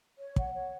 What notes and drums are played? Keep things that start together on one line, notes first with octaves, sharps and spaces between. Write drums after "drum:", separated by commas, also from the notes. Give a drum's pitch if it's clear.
C#5
F#5, drum: kick
C#5